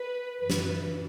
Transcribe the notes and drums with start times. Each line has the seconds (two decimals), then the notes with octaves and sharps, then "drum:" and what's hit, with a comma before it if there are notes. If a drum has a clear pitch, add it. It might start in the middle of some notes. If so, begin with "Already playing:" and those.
Already playing: B4
0.39 F#2 E3 B4
0.50 drum: snare